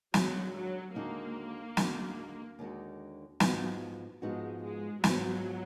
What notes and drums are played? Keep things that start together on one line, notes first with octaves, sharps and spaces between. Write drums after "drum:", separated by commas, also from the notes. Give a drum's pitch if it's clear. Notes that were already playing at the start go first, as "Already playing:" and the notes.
D#2 D3 F#3 G#3 D#4 F#4, drum: snare
F#3
D#2 D3 G#3 A#3 D#4 F#4
D#2 D3 G#3 D#4 F#4, drum: snare
D#2 D3 G#3 D#4 F#4
G#2 F3 B3 D#4 F#4, drum: snare
G#2 F3 G#3 B3 D#4 F#4
G#3
G#2 F3 F#3 B3 D#4 F#4, drum: snare